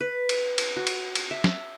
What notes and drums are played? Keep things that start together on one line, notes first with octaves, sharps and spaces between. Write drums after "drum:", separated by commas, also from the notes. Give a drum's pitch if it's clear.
B4
drum: cymbal
drum: cymbal
F#4
drum: cymbal
drum: cymbal
E5
drum: snare